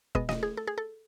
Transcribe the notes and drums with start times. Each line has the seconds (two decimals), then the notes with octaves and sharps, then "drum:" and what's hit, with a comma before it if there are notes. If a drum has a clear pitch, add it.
0.15 B2 G#3 B3 D#5, drum: kick
0.29 D#5, drum: snare
0.43 G#4
0.57 A4
0.67 G#4
0.78 A4